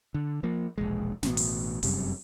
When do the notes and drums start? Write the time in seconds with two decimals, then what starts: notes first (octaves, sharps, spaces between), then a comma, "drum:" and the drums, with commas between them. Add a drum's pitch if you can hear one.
0.14 D3
0.43 F3 A#3
0.78 E1 A#1 G#3
1.23 A1 B2, drum: snare
1.37 drum: open hi-hat
1.83 F1 F#2 C3 G3, drum: open hi-hat